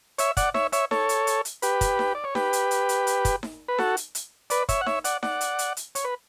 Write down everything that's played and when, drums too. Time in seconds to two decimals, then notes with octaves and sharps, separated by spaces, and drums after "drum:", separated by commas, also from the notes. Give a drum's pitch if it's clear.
0.18 C#5 E5, drum: hi-hat
0.37 D5 F#5, drum: kick, hi-hat
0.54 C#5 E5, drum: snare D#4
0.72 C#5 E5, drum: hi-hat
0.91 A4 C#5, drum: snare D#4
1.09 drum: hi-hat
1.27 drum: hi-hat
1.45 drum: hi-hat
1.62 G4 B4, drum: hi-hat
1.81 drum: kick, hi-hat
1.99 drum: snare D#4
2.15 D5
2.24 C#5
2.35 G4 B4, drum: snare D#4
2.53 drum: hi-hat
2.71 drum: hi-hat
2.89 drum: hi-hat
3.07 drum: hi-hat
3.25 drum: kick, hi-hat
3.43 drum: snare D#4
3.68 B4
3.78 F#4 A4, drum: snare D#4
3.97 drum: hi-hat
4.15 drum: hi-hat
4.50 B4 D5, drum: hi-hat
4.69 C#5 E5, drum: kick, hi-hat
4.81 F#5
4.86 C#5 E5, drum: snare D#4
5.04 D5 F#5, drum: hi-hat
5.23 D5 F#5, drum: snare D#4
5.41 drum: hi-hat
5.59 drum: hi-hat
5.77 drum: hi-hat
5.95 C#5, drum: hi-hat
6.04 B4